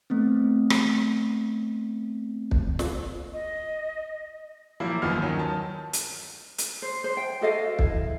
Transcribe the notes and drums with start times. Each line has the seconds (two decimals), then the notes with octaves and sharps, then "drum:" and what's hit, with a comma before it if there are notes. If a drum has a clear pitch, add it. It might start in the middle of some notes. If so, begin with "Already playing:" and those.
0.10 A3 B3 C4
0.70 drum: rim click
2.51 drum: kick
2.79 drum: snare
3.33 D#5
4.80 A#2 F3 F#3 A#3 E4 A#4
5.02 G1 D#2 F3 B3 D#4 F6
5.22 D#3 F#3 C#4
5.39 A5
5.93 drum: hi-hat
6.58 drum: hi-hat
6.82 C5
7.04 C5
7.17 G5
7.41 F#4 A4 D#5 F5
7.79 E4, drum: kick